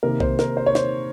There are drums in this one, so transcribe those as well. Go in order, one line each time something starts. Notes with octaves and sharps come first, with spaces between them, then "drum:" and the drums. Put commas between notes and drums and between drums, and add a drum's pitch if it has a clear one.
C3 D#3 A#3 A#4
C5, drum: kick B1
A#4, drum: snare
C5
C#5
C5, drum: snare